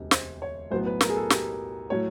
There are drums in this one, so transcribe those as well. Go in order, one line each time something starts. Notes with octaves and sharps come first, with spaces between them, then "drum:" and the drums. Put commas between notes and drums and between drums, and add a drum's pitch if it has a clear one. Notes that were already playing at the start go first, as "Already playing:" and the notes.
Already playing: E1 D2 C3
C5, drum: snare
C#5
B1 A2 F#3 B3 C5
B4
A#4, drum: snare
G#4
A4
G4, drum: snare
A2 F#3 A3 C#5